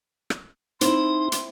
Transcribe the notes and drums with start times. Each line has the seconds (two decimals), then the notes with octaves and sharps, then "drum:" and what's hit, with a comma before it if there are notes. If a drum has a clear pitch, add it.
0.30 drum: rim click
0.81 C4 D#4 E4 C6, drum: hi-hat
1.32 drum: hi-hat